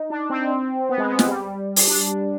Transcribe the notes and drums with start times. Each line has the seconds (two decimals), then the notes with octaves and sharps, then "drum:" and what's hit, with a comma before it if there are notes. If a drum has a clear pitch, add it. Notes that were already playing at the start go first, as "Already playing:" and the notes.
Already playing: D#4
0.10 D4
0.30 C4
0.89 B3
0.98 G#3
1.09 B3
1.19 C4, drum: snare
1.27 G3
1.76 drum: open hi-hat
1.87 D4